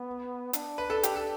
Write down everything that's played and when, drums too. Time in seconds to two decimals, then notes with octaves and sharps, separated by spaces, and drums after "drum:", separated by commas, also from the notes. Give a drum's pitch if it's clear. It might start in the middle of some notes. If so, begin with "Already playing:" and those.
Already playing: B3
0.53 D4, drum: hi-hat
0.78 B4
0.90 A4
1.03 G4, drum: hi-hat
1.16 A4